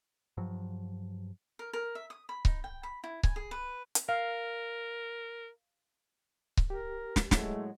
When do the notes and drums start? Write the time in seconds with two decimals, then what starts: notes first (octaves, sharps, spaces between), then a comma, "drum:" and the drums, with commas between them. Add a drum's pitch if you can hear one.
0.37 G2 F3 F#3
1.59 A#4
1.73 A#4
1.95 E5
2.10 D#6
2.29 B5
2.45 D#4, drum: kick C#1
2.64 G5
2.83 B5
3.04 E4
3.23 G#5, drum: kick C#1
3.36 G#4
3.51 B4
3.95 drum: hi-hat
4.09 A#4 F5
6.57 drum: kick C#1
6.70 G4 A#4
7.16 drum: snare
7.31 A2 F#3 G#3 A3, drum: snare